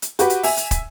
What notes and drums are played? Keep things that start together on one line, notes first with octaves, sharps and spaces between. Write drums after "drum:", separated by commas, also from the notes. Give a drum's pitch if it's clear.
drum: hi-hat
F#4 G4 B4, drum: hi-hat
drum: hi-hat
E5 G#5, drum: open hi-hat
drum: hi-hat
drum: kick, hi-hat